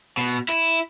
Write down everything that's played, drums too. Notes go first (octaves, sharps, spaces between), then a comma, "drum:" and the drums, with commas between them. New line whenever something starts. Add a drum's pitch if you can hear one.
B2
E4, drum: tambourine